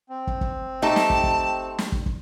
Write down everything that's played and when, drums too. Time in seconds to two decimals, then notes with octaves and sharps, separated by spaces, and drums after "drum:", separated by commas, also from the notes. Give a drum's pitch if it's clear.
0.10 C4
0.27 drum: kick
0.41 drum: kick
0.82 A3 D#4 G4 A5
0.96 drum: snare
1.10 drum: kick
1.24 drum: kick
1.78 drum: snare
1.92 drum: kick
2.06 drum: kick